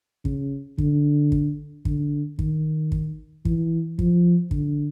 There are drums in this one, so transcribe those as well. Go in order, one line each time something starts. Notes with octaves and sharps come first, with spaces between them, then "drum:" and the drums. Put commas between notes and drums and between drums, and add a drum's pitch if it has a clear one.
C#3, drum: kick
D3, drum: kick
drum: kick
D3, drum: kick
D#3, drum: kick
drum: kick
E3, drum: kick
F3, drum: kick
D3, drum: kick